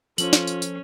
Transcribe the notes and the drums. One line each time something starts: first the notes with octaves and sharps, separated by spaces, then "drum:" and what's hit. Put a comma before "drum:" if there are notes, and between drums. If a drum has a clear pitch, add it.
F3 C#4 F4 A4 C5 F#7, drum: tambourine
drum: snare
drum: tambourine
drum: tambourine